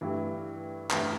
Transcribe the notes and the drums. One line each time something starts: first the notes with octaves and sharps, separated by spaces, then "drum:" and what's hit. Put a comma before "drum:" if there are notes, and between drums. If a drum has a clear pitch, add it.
G2 E3 A3 E4 G4
G2 E3 A3 E4 G4, drum: clap